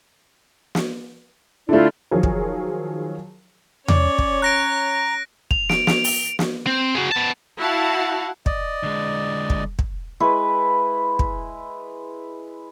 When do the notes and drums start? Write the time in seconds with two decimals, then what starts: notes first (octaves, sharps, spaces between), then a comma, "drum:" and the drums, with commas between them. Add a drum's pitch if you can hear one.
0.75 drum: snare
1.69 D3 A3 E4 F4 D5
2.11 D#3 F3 F#3 G#4 A#4 C#5
2.23 drum: kick
3.88 C#4 C#5 D5, drum: tom E2
4.19 drum: kick
4.42 A#5 F#6 A#6 D7
5.51 F7, drum: kick
5.69 D7, drum: snare
5.87 drum: snare
6.04 drum: open hi-hat
6.39 drum: snare
6.67 C4
6.95 F#4 G#4
7.12 B3 A5
7.58 E4 F#4 F5 F#5 A5
8.46 D5 D#5, drum: kick
8.83 D3 G#3
9.50 drum: kick
9.79 drum: kick
10.20 G#3 E4 B4 C#6
11.19 drum: kick